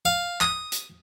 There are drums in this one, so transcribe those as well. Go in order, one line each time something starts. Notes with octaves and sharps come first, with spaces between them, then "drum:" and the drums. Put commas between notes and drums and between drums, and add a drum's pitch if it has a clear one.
F5
D#6, drum: clap
drum: hi-hat